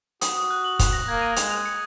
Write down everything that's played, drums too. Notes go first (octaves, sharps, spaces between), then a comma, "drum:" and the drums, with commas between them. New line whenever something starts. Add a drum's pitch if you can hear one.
F#4 D#6, drum: hi-hat
D#6
F#6
F#7
F7, drum: kick, hi-hat
A#6
A#3 G#6
D#7
G#3 F7, drum: hi-hat
F7
C#7